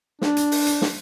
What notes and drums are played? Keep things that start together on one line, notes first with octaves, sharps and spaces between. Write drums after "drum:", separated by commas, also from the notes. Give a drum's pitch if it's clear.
D4, drum: snare
drum: hi-hat
drum: open hi-hat
drum: hi-hat
drum: snare